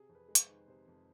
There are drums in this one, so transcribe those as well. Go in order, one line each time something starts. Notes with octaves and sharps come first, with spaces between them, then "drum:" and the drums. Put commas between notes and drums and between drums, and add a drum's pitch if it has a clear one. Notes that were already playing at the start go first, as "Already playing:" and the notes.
Already playing: C3 G#4
F2
B4
G#3
B4, drum: hi-hat
C5
D#3
C3 C5
F2